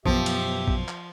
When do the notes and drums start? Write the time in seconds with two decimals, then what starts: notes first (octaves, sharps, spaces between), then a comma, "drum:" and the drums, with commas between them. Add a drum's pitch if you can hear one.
0.06 F#2 B2 F3 B3 G4 E5, drum: kick A#1
0.26 drum: cymbal
0.68 drum: kick A#1
0.88 drum: clap